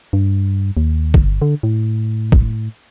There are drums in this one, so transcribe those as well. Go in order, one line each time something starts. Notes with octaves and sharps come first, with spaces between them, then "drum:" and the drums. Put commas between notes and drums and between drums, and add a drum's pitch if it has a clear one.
G2
D#2
G1, drum: kick
D3
A2
drum: kick